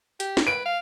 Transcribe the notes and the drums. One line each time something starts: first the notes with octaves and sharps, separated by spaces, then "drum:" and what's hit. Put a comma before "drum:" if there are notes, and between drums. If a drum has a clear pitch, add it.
G4, drum: hi-hat
drum: snare
B4 D7
F5